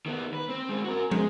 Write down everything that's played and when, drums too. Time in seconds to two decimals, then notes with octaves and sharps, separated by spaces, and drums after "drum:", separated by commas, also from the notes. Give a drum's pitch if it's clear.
0.06 D#3 B3
0.34 B4
0.49 C4
0.69 G#3 C4
0.84 F#4 A#4
1.11 G#3, drum: tom